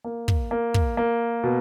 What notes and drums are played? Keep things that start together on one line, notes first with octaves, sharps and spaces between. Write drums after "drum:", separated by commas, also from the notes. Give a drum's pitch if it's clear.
A#3
drum: kick
A#3
drum: kick
A#3
B2